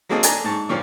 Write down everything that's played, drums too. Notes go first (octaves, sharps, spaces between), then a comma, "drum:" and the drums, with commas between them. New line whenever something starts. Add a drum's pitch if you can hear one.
F#3 G#3 A#3 C4 A4 D#5
D4 A4 G#5 A#5, drum: hi-hat
G#2 A5 C#6
G2 A#2 F3 C#5 D5